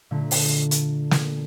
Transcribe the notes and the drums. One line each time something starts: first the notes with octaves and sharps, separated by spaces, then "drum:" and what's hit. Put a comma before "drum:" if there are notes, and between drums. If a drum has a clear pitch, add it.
A#2 D3 A3
drum: open hi-hat
drum: hi-hat
drum: snare